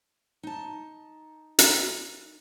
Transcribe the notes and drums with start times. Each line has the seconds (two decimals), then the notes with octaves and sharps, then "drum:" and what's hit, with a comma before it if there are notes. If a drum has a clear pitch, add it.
0.43 D#4 A5
1.59 drum: hi-hat